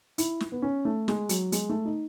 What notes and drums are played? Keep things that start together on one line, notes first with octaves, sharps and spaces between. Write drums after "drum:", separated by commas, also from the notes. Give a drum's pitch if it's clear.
E4, drum: hi-hat
drum: snare
B3
C#4
A3
G#3, drum: snare
F#3, drum: hi-hat
G#3, drum: hi-hat
A3
D#4